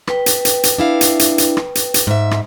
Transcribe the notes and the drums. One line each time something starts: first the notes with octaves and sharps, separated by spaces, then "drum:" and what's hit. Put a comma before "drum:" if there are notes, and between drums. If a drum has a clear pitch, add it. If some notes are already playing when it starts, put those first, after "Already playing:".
B4 G5, drum: rim click
drum: hi-hat
drum: hi-hat
drum: hi-hat
D4 E4 F5
drum: hi-hat
drum: hi-hat
drum: hi-hat
drum: rim click
drum: hi-hat
drum: hi-hat
G#2 E5
drum: rim click